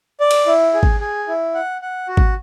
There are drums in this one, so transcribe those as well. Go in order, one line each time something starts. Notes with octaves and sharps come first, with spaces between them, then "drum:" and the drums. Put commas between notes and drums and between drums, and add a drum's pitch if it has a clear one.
D5
drum: cymbal
E4
G#4
drum: kick G#1
G#4
E4
F#5
F#5
F#4
drum: kick G#1